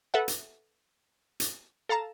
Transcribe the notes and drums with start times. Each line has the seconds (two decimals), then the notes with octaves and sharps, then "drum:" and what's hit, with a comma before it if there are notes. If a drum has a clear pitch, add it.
0.14 A4 B4 E5 F#5
0.28 drum: hi-hat
1.40 drum: hi-hat
1.89 A4 F5 A5 A#5 E7